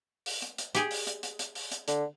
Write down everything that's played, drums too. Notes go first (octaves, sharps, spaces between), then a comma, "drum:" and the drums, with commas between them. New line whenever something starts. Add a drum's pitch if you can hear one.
drum: open hi-hat
drum: hi-hat
drum: hi-hat
G4 G#4, drum: hi-hat
drum: open hi-hat
drum: hi-hat
drum: hi-hat
drum: hi-hat
drum: open hi-hat
drum: hi-hat
D3, drum: hi-hat